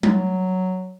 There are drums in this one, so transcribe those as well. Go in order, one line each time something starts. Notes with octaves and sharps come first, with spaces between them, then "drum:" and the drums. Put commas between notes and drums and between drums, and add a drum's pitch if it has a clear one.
F#3, drum: tom G3